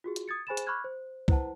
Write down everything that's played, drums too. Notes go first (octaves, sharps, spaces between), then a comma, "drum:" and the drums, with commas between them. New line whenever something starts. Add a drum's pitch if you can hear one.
F4 F#4 G#4
drum: hi-hat
D#6 G#6 A6 C#7
G#4 C5 G#5 B5 A6 E7
drum: hi-hat
B5 C#6 D6 F6 F#6 G#6
C5
E4 B4 C5 F#5 A5, drum: kick C2